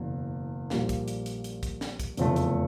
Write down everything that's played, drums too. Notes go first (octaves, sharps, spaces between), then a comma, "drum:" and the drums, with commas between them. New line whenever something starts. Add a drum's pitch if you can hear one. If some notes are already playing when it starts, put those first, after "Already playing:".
Already playing: F#1 E2 B2
A#1 A#2 G3 A#3, drum: snare
drum: kick, hi-hat
drum: hi-hat
drum: hi-hat
drum: hi-hat
drum: kick, hi-hat
drum: snare
drum: kick, hi-hat
F1 E2 C#3 F3 A3, drum: hi-hat
drum: hi-hat